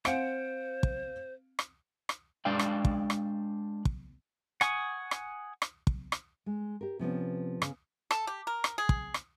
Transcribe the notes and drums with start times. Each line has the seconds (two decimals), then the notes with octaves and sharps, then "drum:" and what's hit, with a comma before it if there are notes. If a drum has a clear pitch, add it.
0.05 C4 C5 F5 F#5 G#5 C#7 D7, drum: rim click
0.83 drum: kick
1.59 drum: rim click
2.09 drum: rim click
2.45 G#3 D4 D5 F5 G5
2.59 drum: rim click
2.85 drum: kick
3.10 drum: rim click
3.85 drum: kick
4.61 F#5 G#5 C#6 D#6, drum: rim click
5.11 drum: rim click
5.62 drum: rim click
5.87 drum: kick
6.12 drum: rim click
6.46 G#3
6.81 G4 A#4
6.99 C3 F3 B3 C#4
7.62 C#3, drum: rim click
8.11 A4, drum: rim click
8.27 G4
8.47 A#4
8.64 drum: rim click
8.78 G#4
8.89 drum: kick
9.14 drum: rim click